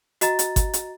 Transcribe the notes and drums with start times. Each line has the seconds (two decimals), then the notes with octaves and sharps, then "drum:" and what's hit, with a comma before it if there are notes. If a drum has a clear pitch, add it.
0.21 F#4 D#5 A#5 A6, drum: hi-hat
0.39 drum: hi-hat
0.56 drum: kick G1, hi-hat
0.73 drum: hi-hat